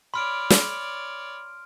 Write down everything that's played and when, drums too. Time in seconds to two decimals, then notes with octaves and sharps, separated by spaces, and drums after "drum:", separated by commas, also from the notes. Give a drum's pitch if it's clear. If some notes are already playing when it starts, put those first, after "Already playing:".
0.14 C#5 D5 B5 C6 F6 D7
0.50 drum: snare